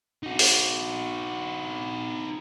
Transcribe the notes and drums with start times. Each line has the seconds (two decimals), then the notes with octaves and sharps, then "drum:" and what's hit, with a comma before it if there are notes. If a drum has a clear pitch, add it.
0.23 D#4 F#4
0.39 drum: open hi-hat